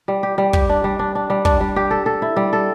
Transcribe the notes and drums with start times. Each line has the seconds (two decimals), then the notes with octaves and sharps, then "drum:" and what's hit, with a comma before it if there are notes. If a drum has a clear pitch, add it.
0.08 G3
0.23 G4
0.38 G3
0.53 G4, drum: kick
0.69 D4
0.84 G3
0.99 D4
1.15 D4
1.30 G3
1.45 D4, drum: kick
1.60 G3
1.76 G4
1.91 A4
2.06 A4
2.22 E4
2.36 G3
2.53 A4